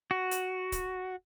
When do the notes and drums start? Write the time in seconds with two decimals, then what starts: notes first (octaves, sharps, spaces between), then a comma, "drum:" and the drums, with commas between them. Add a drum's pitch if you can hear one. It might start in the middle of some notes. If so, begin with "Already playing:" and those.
0.11 F#4
0.31 drum: hi-hat
0.72 drum: kick D1, hi-hat